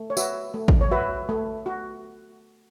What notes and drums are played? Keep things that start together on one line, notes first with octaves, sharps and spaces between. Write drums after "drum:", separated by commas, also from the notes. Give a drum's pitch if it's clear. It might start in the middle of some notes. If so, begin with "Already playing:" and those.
Already playing: A3
C#5
F#4 B4 E5, drum: tambourine
A3
drum: kick A1
C#5
F#4 B4 E5
A3
F#4